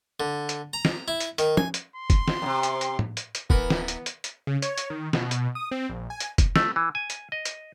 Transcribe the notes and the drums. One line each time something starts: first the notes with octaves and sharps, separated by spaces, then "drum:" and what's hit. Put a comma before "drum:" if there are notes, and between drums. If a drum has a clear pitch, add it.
D3
drum: hi-hat
A#5
drum: snare
E4
drum: hi-hat
D#3, drum: hi-hat
G#5, drum: tom
drum: hi-hat
C6
drum: kick, hi-hat
drum: snare
F#2 C3
drum: hi-hat
drum: hi-hat
drum: tom
drum: hi-hat
drum: hi-hat
D1 E3 B3 A#4 B5, drum: kick
drum: snare
drum: hi-hat
drum: hi-hat
drum: hi-hat
C#3
C#5, drum: hi-hat
drum: hi-hat
D#3
B2, drum: snare
drum: hi-hat
D#6
C4
A#1
G#5
drum: hi-hat
drum: kick, hi-hat
A3, drum: snare
E3
G#5
drum: hi-hat
D#5
drum: hi-hat